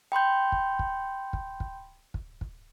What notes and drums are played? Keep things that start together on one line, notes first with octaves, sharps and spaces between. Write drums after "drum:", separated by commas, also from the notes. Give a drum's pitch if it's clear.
G5 B5 C6 G6
drum: kick
drum: kick
drum: kick
drum: kick
drum: kick
drum: kick